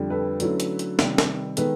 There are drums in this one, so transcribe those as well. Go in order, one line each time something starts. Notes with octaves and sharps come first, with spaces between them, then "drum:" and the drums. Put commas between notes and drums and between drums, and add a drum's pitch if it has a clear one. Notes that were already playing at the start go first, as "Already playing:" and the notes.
Already playing: F2 D3 G3
A4 B4
D3 F#3 A3 C#4 E4, drum: hi-hat
drum: hi-hat
drum: hi-hat
C3 D#3 G3, drum: snare
drum: snare
D#3 G#3 B3 A4 B4, drum: hi-hat